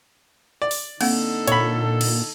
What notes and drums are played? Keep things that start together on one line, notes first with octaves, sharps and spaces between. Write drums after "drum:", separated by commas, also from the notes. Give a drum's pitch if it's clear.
D5
drum: open hi-hat
D3 A#3 C4 D#4 A4 F#5, drum: cymbal
A#2 C#5 B5, drum: hi-hat
drum: cymbal